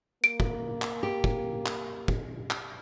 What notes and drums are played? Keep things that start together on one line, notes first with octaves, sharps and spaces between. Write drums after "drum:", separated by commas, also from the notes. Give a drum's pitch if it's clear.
A#3 D7
drum: kick
drum: clap
G4
drum: kick
drum: clap
drum: kick
drum: clap